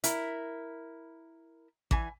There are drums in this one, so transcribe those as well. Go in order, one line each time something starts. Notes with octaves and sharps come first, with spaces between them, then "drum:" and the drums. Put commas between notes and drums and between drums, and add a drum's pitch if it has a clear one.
E4 A#4, drum: hi-hat
E3 G#5, drum: kick A1